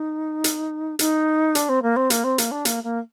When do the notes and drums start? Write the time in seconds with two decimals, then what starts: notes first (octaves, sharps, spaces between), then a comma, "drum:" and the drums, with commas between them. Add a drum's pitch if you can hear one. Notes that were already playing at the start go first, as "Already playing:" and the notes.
Already playing: D#4
0.44 drum: hi-hat
0.99 D#4, drum: hi-hat
1.55 D4, drum: hi-hat
1.69 C4
1.82 A#3
1.96 C4
2.10 A#3, drum: hi-hat
2.24 C4
2.38 A#3, drum: hi-hat
2.51 D4
2.65 A#3, drum: hi-hat
2.83 A#3